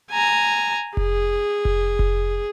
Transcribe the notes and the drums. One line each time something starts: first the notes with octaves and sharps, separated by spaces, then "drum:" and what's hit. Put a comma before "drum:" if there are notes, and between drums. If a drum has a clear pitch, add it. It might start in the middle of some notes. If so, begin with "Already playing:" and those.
G#5 A#5
G#4, drum: kick F1
drum: kick F1
drum: kick F1